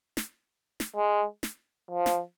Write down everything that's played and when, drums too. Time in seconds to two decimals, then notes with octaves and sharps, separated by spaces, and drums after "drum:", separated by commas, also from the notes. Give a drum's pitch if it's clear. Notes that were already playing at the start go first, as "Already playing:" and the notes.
0.17 drum: snare
0.80 drum: snare
0.96 G#3
1.43 drum: snare
1.91 F3
2.06 drum: snare